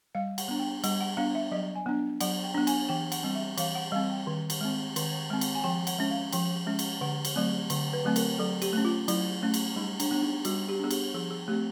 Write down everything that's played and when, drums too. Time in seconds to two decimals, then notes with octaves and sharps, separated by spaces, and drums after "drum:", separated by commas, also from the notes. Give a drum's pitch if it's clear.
0.15 G3 F5
0.38 F#5, drum: cymbal
0.48 B3 D4
0.60 G5
0.84 G3 F#5, drum: cymbal
1.01 F#5
1.17 B3 D4 F5
1.35 E5
1.51 F#3 D#5
1.75 G#5
1.86 B3 D4
2.20 F#3 F#5, drum: cymbal
2.44 G5
2.54 B3 D4
2.67 G#5, drum: cymbal
2.89 E3 G5
3.12 F#5, drum: cymbal
3.23 G3 C4
3.35 E5
3.58 E3 F5, drum: cymbal
3.75 F#5
3.92 G3 C4 F5
4.10 G5
4.27 D#3
4.50 drum: cymbal
4.61 G#3 C4
4.96 D#3, drum: cymbal
5.30 G#3 C4
5.41 drum: cymbal
5.55 G#5
5.64 F3 G5
5.87 F#5, drum: cymbal
5.99 G#3 C#4
6.11 F5
6.32 F3 G5, drum: cymbal
6.67 G#3 C#4
6.79 drum: cymbal
7.01 D3 F#5
7.25 drum: cymbal
7.36 F#3 A3 C4
7.70 D3, drum: cymbal
7.93 B4
8.05 F#3 A3 C4
8.16 A#4, drum: cymbal
8.39 F#3 A4
8.62 G4, drum: cymbal
8.73 A3 C#4
8.85 F4
9.08 F#3 E4, drum: cymbal
9.43 A3 C#4
9.54 drum: cymbal
9.76 G3 D#4
10.00 D4, drum: cymbal
10.11 B3 D4
10.22 D#4
10.45 G3 F#4, drum: cymbal
10.69 G4
10.80 B3 D4 G#4
10.91 G4, drum: cymbal
11.14 F3 G#4
11.31 G#4
11.48 A3 C4 G4